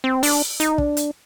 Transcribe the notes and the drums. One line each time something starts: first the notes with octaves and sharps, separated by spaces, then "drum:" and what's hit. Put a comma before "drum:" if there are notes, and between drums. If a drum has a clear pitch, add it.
C4
D4, drum: open hi-hat
D#4, drum: hi-hat
D4, drum: kick
drum: hi-hat